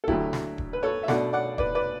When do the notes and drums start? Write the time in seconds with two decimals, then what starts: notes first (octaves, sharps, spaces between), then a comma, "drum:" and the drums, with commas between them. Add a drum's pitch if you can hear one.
0.04 A4
0.08 D2 D3 F#3 A3 E4 G4, drum: kick D#1
0.33 drum: snare
0.58 drum: kick D#1
0.73 B4
0.83 A4 C#5
1.03 E5
1.08 B2 A3 D4 D5 F#5, drum: snare
1.33 D5 F#5
1.58 B4 D5, drum: kick D#1
1.75 B4 D5